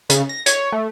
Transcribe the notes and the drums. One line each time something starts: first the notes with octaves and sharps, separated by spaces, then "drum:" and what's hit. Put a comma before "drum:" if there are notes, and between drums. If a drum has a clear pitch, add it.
C#3, drum: hi-hat
A#6
C#5, drum: hi-hat
A3